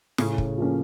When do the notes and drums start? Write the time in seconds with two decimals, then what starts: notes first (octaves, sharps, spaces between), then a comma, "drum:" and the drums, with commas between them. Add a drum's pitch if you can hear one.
0.18 A2 C#3, drum: snare
0.38 drum: kick
0.58 F3 A#3 C#4